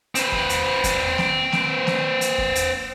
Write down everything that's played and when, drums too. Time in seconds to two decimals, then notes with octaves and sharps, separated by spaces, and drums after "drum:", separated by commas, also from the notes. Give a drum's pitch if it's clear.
0.15 C4 B4, drum: hi-hat
0.32 drum: kick E2
0.49 drum: hi-hat
0.84 drum: kick E2, hi-hat
1.18 drum: snare A#3
1.52 drum: snare A#3
1.87 drum: snare A#3
2.21 drum: hi-hat
2.38 drum: kick E2
2.55 drum: hi-hat